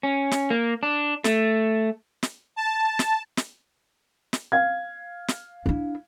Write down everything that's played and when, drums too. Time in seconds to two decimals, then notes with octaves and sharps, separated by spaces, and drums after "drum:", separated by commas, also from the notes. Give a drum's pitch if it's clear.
0.03 C#4
0.31 drum: snare
0.50 A#3
0.83 D4
1.24 A3, drum: snare
2.23 drum: snare
2.56 A5
2.99 drum: snare
3.37 drum: snare
4.33 drum: snare
4.52 F5 G#6
5.28 drum: snare
5.66 D4 E4